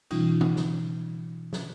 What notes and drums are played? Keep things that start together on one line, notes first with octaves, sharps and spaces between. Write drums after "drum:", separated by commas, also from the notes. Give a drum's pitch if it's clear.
B2 E3 G3 C#4 D#4 F4, drum: cymbal
drum: tom C#3
drum: snare
drum: snare